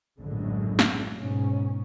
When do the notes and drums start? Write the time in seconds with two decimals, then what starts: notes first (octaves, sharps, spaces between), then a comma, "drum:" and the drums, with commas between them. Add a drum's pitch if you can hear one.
0.19 A#1 F#2 A2 D3 G#3
0.79 drum: snare
1.16 G#2 B2 C#4